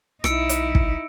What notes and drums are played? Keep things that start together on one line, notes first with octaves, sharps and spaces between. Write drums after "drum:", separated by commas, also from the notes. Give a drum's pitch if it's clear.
B1 D#4 E4 E6 C#7 D7, drum: rim click
drum: hi-hat
drum: kick